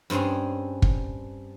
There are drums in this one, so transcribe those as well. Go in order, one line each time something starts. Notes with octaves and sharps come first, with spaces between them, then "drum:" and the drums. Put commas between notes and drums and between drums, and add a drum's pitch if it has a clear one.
G2 C4 C#4 G#4 C6
drum: kick